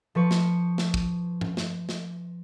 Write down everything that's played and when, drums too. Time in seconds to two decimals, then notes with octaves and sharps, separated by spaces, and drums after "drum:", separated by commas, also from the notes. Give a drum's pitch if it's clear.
0.15 F3 B4 C#6
0.31 drum: snare
0.78 drum: snare
0.94 drum: kick
1.41 drum: tom G2
1.57 drum: snare
1.89 drum: snare